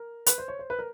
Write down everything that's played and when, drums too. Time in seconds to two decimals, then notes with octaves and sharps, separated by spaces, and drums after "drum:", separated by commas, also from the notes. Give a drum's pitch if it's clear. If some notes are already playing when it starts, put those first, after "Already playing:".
Already playing: A#4
0.26 B4, drum: hi-hat
0.38 C5
0.48 C#5
0.59 C5
0.70 B4
0.79 A#4